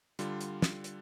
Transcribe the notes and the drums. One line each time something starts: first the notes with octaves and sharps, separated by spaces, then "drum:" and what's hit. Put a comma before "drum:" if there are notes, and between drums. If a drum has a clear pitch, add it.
D3 G3 F4, drum: hi-hat
drum: hi-hat
drum: snare
drum: hi-hat